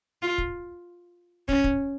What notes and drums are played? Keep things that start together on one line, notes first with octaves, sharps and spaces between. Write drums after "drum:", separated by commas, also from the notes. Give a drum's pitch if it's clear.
F4
drum: kick
C#4, drum: kick
drum: kick